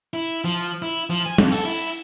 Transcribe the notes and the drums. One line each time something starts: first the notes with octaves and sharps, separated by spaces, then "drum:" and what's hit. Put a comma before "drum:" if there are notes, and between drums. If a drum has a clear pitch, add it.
E4
F3
E4
F3
G#5
F2, drum: tom
A4, drum: open hi-hat
E4